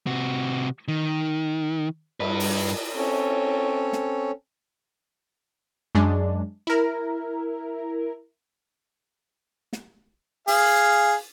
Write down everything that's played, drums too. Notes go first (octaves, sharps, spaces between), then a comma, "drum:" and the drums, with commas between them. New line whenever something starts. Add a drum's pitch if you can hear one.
C3 F#4
D#3
G2 B4, drum: cymbal
drum: open hi-hat
C4 C#4 A4 C#5
drum: snare
F#2 G#3 D4
E4 A#4
drum: snare
G#4 F5, drum: open hi-hat